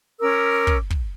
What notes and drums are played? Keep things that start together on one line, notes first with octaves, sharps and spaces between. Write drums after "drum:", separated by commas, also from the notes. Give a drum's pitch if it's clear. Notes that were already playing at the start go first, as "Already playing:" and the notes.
C#4 A#4 D6 E6
drum: kick
drum: kick